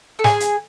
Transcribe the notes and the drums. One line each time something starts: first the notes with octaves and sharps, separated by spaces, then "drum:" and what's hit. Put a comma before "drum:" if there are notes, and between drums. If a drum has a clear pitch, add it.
A4
G#4, drum: snare
drum: hi-hat